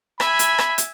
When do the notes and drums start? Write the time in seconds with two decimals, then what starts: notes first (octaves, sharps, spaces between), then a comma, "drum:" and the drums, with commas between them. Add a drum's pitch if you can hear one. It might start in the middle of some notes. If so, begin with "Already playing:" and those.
0.20 E5 G#5 B5, drum: rim click
0.39 drum: hi-hat
0.58 drum: rim click
0.78 drum: hi-hat